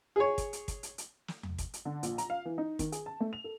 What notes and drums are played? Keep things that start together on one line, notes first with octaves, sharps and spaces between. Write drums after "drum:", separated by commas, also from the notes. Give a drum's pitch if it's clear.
G#4 C#5
drum: kick, hi-hat
drum: hi-hat
drum: kick, hi-hat
drum: hi-hat
drum: hi-hat
drum: snare
drum: tom E2
drum: kick, hi-hat
drum: hi-hat
D3
A#1, drum: hi-hat
A#5, drum: hi-hat
F5
E3
D#4
D#3, drum: kick, hi-hat
G#4, drum: hi-hat
A5
A3
F7
A4